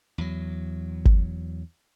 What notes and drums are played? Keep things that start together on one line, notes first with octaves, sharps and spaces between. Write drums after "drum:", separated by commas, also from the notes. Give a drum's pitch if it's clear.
E2 F#3
drum: kick G1